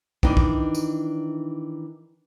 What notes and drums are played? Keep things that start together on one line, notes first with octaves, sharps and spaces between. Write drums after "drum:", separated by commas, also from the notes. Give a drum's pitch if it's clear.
D#3 E3 D4 D#4 D#5, drum: kick
drum: kick
drum: tambourine